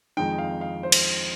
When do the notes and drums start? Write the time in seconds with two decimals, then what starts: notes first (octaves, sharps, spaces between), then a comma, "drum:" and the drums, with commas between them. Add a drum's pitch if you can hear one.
0.17 F2 D#3 G#3 D#4 G5
0.38 F5
0.61 F5
0.83 C5
0.92 drum: cymbal